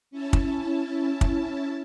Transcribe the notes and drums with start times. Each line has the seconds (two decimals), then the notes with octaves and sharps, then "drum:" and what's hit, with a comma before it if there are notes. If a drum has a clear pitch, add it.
0.11 C#4 E4 A5
0.33 drum: kick
1.21 drum: kick